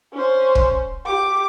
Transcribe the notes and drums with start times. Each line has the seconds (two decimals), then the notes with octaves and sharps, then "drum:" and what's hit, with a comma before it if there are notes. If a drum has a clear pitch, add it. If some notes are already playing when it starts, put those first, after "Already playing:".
0.13 C#4 C5
0.55 drum: kick
1.06 G4 D6